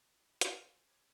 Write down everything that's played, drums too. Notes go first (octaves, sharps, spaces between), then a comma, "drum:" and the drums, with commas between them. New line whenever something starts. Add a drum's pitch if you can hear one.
E4 G#4 D#5 G5
G4 D5 F#5 G#5, drum: hi-hat
A3 C#4 G#4 C5 A5 F#6
C5 C#5 G#5 B5 C#6 D6